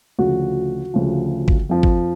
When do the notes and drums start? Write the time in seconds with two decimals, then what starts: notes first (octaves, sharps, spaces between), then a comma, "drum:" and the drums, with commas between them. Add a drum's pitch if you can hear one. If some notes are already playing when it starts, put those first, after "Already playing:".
0.18 D2 C#3 F3 F#4
0.94 D2 C#3 F3
1.48 drum: kick
1.69 F2 F3
1.83 drum: kick